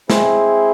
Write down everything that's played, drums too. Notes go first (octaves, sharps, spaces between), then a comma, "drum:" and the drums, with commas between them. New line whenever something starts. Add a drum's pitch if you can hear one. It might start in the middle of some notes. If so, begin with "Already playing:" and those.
G#3 C4 E4 G#4 C5, drum: snare